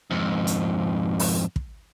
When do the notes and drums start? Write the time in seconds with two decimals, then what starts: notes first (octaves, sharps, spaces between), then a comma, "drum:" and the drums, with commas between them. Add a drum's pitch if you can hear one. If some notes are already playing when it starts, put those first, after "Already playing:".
0.11 F2 G#2
0.47 drum: hi-hat
1.19 drum: open hi-hat
1.56 drum: kick